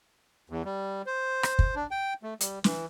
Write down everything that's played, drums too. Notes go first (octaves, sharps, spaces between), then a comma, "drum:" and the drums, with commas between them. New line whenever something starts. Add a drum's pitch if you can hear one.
E2
G3
C5
drum: rim click
drum: kick
D4
G5
A3
G3, drum: hi-hat
E3, drum: snare